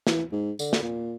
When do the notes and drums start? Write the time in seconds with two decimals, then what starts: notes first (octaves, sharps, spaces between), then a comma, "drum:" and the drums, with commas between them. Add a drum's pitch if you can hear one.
0.07 E3, drum: snare
0.32 G#2
0.59 D3, drum: tambourine
0.73 drum: snare
0.82 A#2